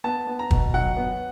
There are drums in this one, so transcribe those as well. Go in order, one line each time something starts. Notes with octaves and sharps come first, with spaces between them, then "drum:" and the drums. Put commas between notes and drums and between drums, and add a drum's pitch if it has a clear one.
B3 A5
B3
A#5
B2, drum: kick
F#3 F#5
B3